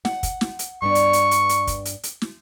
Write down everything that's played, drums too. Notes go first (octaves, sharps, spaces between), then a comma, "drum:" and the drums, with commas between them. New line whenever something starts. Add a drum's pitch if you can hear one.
F#5, drum: snare
drum: kick, hi-hat
drum: snare
drum: hi-hat
G2 B3 D4 C#6
drum: hi-hat
drum: hi-hat
drum: hi-hat
drum: hi-hat
drum: kick, hi-hat
drum: hi-hat
drum: hi-hat
drum: snare